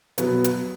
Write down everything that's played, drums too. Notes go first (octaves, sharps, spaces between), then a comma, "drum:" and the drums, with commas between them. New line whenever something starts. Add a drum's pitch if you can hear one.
B2 F#3 B3, drum: hi-hat
drum: hi-hat